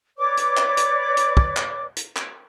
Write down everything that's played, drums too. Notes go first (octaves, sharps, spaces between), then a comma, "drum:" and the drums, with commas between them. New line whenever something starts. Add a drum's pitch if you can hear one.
B4 C#5 D5 D6
drum: hi-hat
drum: clap
drum: hi-hat
drum: hi-hat
drum: kick
drum: clap
drum: hi-hat
drum: clap